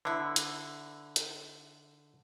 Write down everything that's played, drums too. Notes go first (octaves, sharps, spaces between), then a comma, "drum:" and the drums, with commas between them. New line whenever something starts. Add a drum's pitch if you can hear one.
D3 B3 E4
drum: hi-hat
drum: hi-hat